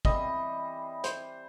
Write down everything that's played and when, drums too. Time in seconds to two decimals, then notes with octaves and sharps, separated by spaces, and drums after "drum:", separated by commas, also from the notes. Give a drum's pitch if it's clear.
0.05 E3 G3 C4 D#5, drum: kick G#1
1.04 C5, drum: hi-hat